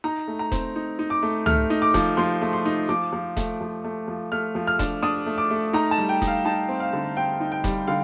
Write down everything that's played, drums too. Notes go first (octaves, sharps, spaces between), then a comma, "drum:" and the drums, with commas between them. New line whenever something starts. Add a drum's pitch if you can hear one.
D#4 A#5
A3
A#5
C4, drum: kick E1, hi-hat
D#4
D#4
D6
A3
A3 F6, drum: tom C#2
D#4
D6
F3, drum: kick E1, hi-hat
F3 C6
A3
C6
D#4
F3 D6
F3
A3, drum: kick E1, hi-hat
F3
A3
F3
A3 F6
F3
F6
D4, drum: kick E1, hi-hat
D4 D#6
A3
D6
A3
D#4 A#5
A5
G3
G5
D#4, drum: kick E1, hi-hat
F5
D#4 A5
C4
F5
D3
C4 G5
D#4
G5
G3, drum: kick E1, hi-hat
D3 F5